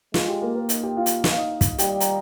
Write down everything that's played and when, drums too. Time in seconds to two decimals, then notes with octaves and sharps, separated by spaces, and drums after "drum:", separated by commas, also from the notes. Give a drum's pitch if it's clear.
0.14 G#3 F4, drum: snare
0.28 G4
0.42 A#3 A#4
0.55 A#3 A#4
0.69 D#4 D#5, drum: hi-hat
0.83 G4 G5
0.97 F4 F5
1.06 drum: hi-hat
1.24 D#5, drum: snare
1.31 F5
1.38 D#4 D#5
1.61 drum: kick, hi-hat
1.79 G3 G4 G5, drum: hi-hat
2.00 A#5, drum: hi-hat